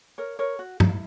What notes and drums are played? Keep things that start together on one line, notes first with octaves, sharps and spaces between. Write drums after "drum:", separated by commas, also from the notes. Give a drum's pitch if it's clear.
A#4 C#5
A#4 C#5
F#4
E4, drum: tom